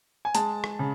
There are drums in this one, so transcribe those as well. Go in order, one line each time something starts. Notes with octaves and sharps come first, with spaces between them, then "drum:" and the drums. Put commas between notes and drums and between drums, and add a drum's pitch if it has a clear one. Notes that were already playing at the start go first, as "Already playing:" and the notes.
G#5
G#3 A5, drum: hi-hat
drum: rim click
C#3